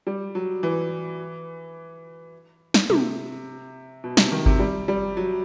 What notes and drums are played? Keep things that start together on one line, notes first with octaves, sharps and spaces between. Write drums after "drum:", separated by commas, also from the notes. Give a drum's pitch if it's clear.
G3
F#3
E3
drum: snare
C3, drum: tom
B2
C3, drum: snare
D#3
C3, drum: kick G1
G3
G3
F#3